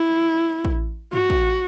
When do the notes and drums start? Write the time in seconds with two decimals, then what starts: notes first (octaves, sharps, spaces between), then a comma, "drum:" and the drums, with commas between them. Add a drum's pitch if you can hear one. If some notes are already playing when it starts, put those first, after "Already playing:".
Already playing: E4
0.65 drum: kick
1.13 F#4, drum: tom G2
1.30 drum: kick